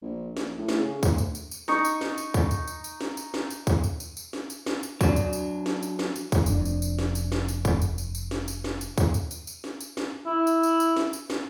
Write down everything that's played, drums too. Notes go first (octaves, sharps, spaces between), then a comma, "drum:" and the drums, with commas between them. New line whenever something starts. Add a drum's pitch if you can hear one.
A#1
A#1, drum: snare
A2
drum: snare
C#3
D2, drum: kick, tambourine
drum: tambourine
drum: tambourine
drum: tambourine
D#4 C#6 D#6, drum: snare
drum: tambourine
drum: snare
drum: tambourine
drum: kick, tambourine
drum: tambourine
drum: tambourine
drum: tambourine
drum: snare
drum: tambourine
drum: snare
drum: tambourine
drum: kick, tambourine
drum: tambourine
drum: tambourine
drum: tambourine
drum: snare
drum: tambourine
drum: snare
drum: tambourine
F#3 D4, drum: kick, tambourine
drum: tambourine
drum: tambourine
drum: snare
drum: tambourine
drum: snare
drum: tambourine
drum: kick, tambourine
F1 F2 D4, drum: tambourine
drum: tambourine
drum: tambourine
drum: snare
drum: tambourine
drum: snare
drum: tambourine
drum: kick, tambourine
drum: tambourine
drum: tambourine
drum: tambourine
drum: snare
drum: tambourine
drum: snare
drum: tambourine
drum: kick, tambourine
drum: tambourine
drum: tambourine
drum: tambourine
drum: snare
drum: tambourine
drum: snare
E4
drum: tambourine
drum: tambourine
drum: tambourine
drum: snare
drum: tambourine
drum: snare